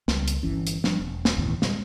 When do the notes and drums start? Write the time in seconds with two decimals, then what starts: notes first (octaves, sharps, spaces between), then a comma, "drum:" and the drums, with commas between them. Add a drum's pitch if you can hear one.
0.08 C#2 G3, drum: snare
0.28 drum: hi-hat
0.43 G1 E3 C#4
0.67 drum: hi-hat
0.84 F3 G3 D4, drum: snare
0.99 E1
1.25 drum: snare
1.37 E1 D#2 A2 E3
1.62 D2 A#2 G3 G#3, drum: snare